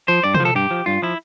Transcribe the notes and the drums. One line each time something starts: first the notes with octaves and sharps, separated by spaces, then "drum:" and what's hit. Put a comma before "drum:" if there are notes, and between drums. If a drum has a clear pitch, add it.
F3 C5
G2 D5
C5, drum: tom
F3
A4
G2 G4
F3
G2 F4
F3 E4